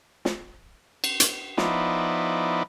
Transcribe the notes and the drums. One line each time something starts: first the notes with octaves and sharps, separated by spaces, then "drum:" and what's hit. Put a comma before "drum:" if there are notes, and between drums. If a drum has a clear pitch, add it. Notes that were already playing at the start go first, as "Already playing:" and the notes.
drum: snare
drum: cymbal
drum: hi-hat
F3 B3 D#4 E4 D5, drum: snare